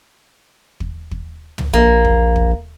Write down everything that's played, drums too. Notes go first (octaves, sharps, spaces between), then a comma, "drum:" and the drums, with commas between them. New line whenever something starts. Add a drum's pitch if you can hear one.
drum: kick
drum: kick
drum: tom
A#1 A#3
drum: kick
drum: kick